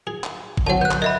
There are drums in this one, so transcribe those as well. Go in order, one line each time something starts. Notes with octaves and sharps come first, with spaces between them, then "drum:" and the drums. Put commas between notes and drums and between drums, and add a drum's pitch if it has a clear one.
G#4
drum: clap
drum: kick G#1
D3 F#3 C4 F#5 A5
B3 F#6 G6
drum: clap
A#4 D#5 E5 B5